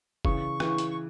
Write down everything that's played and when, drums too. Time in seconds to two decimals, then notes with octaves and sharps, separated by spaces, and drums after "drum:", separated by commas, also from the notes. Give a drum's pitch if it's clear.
0.25 C#3 E3 C#6, drum: kick F#1
0.60 C#3 E3, drum: rim click
0.78 drum: hi-hat
0.91 C#6